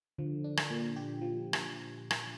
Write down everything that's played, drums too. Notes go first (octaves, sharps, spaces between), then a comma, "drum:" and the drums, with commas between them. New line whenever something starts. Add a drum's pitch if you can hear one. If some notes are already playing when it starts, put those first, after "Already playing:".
D3 F3
D4
drum: rim click
A#2
G4
F3
drum: rim click
drum: rim click